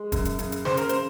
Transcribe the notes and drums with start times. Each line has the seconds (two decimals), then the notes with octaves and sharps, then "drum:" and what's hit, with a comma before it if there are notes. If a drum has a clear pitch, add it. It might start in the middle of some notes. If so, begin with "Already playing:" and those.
Already playing: G#3
0.12 F#2, drum: kick, hi-hat
0.25 drum: hi-hat
0.39 C#3, drum: hi-hat
0.52 drum: hi-hat
0.65 C#3 C5, drum: snare
0.77 A#4, drum: hi-hat
0.89 C#3 C5, drum: hi-hat